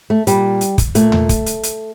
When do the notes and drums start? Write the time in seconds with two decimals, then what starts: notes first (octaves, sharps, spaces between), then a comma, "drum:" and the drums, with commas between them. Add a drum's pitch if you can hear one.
0.10 A3
0.27 A#2 G3, drum: hi-hat
0.61 drum: hi-hat
0.78 drum: kick, hi-hat
0.95 A#2 A3, drum: hi-hat
1.12 drum: tom D#2
1.29 drum: kick, hi-hat
1.46 drum: hi-hat
1.63 drum: hi-hat